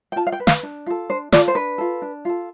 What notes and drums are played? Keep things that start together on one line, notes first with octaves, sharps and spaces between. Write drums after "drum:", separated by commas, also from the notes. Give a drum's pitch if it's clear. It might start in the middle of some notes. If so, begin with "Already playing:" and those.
G5
F4 A5
F5
G5
B4
F5, drum: snare
D4
F4 A4
D4 C5
F4 A4 D5, drum: snare
C5
D4 B4
F4 A4
D4
F4 A4